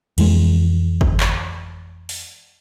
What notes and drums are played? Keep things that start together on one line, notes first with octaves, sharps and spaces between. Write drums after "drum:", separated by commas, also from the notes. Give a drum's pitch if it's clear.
F2 E3 G#3, drum: cymbal
drum: kick
drum: clap
drum: open hi-hat